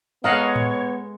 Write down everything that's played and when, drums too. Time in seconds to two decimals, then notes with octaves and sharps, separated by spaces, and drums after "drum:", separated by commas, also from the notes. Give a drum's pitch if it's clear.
0.24 G#3 B3 A4 C#5 D#5 F5 F#5 A#5
0.56 drum: tom A2